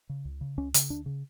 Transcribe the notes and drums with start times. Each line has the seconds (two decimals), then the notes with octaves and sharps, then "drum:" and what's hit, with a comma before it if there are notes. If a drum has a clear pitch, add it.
0.09 C#3
0.25 C#2
0.41 C#3
0.57 C#2 C#4
0.74 C#3, drum: hi-hat
0.90 D2 D4
1.06 C#3